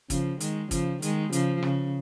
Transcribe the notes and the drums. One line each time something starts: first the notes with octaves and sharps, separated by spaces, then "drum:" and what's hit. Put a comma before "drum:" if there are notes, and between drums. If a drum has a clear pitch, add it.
C#3 F3, drum: kick, hi-hat
D#3 G#3, drum: hi-hat
C#3 F3, drum: kick, hi-hat
D#3 G#3, drum: hi-hat
C#3 F3, drum: hi-hat
C#3, drum: rim click